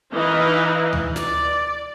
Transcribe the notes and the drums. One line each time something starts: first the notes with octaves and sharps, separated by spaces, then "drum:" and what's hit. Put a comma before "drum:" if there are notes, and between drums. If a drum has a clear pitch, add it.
E3 D#4 E4 D#5 F5
drum: tom D2
D5, drum: snare